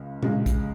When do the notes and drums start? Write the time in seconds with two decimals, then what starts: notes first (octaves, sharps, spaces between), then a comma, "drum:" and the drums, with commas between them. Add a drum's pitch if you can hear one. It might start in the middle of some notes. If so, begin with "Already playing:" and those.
Already playing: C#2 C#3 G#3
0.23 C#2 C#3 G#3, drum: tom A#2
0.46 drum: kick, hi-hat